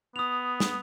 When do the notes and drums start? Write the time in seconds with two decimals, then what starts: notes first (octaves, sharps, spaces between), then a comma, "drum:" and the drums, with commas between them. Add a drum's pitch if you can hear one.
0.16 B3 D#6 F7
0.60 drum: snare